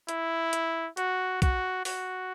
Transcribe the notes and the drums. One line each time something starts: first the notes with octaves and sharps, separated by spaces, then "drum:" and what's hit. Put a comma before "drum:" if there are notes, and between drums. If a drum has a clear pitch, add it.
E4, drum: hi-hat
drum: hi-hat
F#4, drum: hi-hat
F#4, drum: kick, hi-hat
F#4, drum: open hi-hat